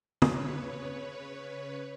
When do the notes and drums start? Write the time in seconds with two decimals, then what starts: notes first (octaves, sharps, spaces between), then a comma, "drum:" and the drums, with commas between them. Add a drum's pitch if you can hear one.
0.22 C#3 B4 C#5, drum: tom